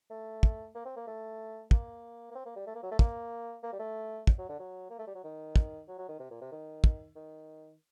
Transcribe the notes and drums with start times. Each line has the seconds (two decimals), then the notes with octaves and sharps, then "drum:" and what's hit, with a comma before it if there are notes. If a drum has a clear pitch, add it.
0.11 A3
0.43 drum: kick
0.75 A#3
0.85 C4
0.96 A#3
1.07 A3
1.71 A#3, drum: kick
2.31 A#3
2.35 C4
2.46 A#3
2.56 G3
2.67 A3
2.75 A#3
2.83 F#3
2.91 A3
2.99 A#3, drum: kick
3.63 A#3
3.73 G3
3.79 A3
4.27 drum: kick
4.38 F#3
4.49 D3
4.59 F#3
4.90 A#3
4.99 A3
5.07 G3
5.15 F#3
5.24 D#3
5.56 drum: kick
5.88 F#3
5.98 F#3
6.09 D#3
6.19 C3
6.31 A#2
6.41 C3
6.52 D#3
6.84 drum: kick
7.16 D#3